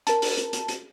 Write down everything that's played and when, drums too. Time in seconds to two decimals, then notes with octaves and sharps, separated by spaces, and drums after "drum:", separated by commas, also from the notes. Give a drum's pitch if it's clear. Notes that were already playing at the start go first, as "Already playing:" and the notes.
0.07 A#4 A5, drum: hi-hat
0.22 drum: open hi-hat
0.38 drum: hi-hat
0.53 drum: hi-hat
0.68 drum: hi-hat